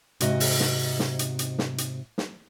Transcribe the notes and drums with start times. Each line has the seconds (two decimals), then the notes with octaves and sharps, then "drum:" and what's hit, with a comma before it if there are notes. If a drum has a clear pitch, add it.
0.20 G#2 C3 F#4 D#5, drum: hi-hat
0.40 drum: open hi-hat
0.60 drum: snare
0.99 drum: snare
1.19 drum: hi-hat
1.39 drum: hi-hat
1.59 drum: snare
1.78 drum: hi-hat
2.18 drum: snare